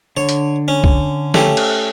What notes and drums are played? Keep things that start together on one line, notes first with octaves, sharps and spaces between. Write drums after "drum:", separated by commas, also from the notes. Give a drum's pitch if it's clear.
D3 C#5
drum: hi-hat
C#4
drum: kick
A3 C#4 G4, drum: snare
drum: cymbal